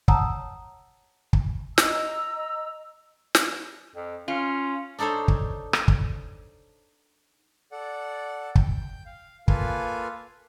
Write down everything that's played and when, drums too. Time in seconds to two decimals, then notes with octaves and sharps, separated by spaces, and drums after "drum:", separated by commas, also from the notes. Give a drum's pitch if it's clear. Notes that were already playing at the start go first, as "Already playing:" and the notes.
0.08 C#5 F#5 A5 A#5 D#6 E6, drum: kick
1.33 drum: kick
1.78 D#5 A#5 E6, drum: snare
3.35 drum: snare
3.96 F2
4.28 C#4 F4
4.99 D4 D#4 A4 C5 C#5
5.28 drum: kick
5.73 drum: rim click
5.88 drum: kick
7.72 A4 D5 F#5
8.55 G5 G6, drum: kick
9.06 F5
9.48 A#3 F4 A4 B4 F5 G#5, drum: kick